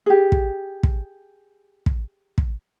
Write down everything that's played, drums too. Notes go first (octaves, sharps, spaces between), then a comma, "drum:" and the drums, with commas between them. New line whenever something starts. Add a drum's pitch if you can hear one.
G4 G#4
drum: kick
drum: kick
drum: kick
drum: kick